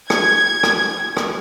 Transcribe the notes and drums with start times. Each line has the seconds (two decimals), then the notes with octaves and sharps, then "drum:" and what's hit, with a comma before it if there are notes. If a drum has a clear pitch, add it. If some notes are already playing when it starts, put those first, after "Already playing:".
0.10 G#6, drum: rim click
0.63 drum: rim click
1.17 drum: rim click